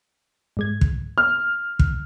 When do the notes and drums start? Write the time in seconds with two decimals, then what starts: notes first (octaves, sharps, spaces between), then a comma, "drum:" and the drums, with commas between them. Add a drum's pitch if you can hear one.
0.57 G#2 G#3 G#6
0.81 drum: kick
1.18 F6
1.79 drum: kick